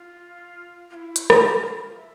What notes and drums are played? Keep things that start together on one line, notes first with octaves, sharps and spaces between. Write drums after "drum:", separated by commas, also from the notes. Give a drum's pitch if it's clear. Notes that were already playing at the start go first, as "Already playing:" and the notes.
Already playing: F4
F4
E4
drum: hi-hat
E4, drum: rim click
F4
E5